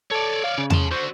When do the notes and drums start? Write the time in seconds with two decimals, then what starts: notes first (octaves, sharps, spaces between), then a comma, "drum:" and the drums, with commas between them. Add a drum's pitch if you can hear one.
0.11 A4 C#5 D5
0.44 F5
0.58 C#3
0.70 A5 C6, drum: tom E2
0.91 D3 F#4 C5